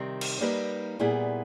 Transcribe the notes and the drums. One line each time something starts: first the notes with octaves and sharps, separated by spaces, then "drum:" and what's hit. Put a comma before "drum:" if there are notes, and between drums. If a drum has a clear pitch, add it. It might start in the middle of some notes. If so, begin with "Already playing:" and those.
Already playing: C3 D#3 G3 C4
drum: cymbal
G3 A#3 D#4 G4 B4
A#2 G3 B3 E4 G#4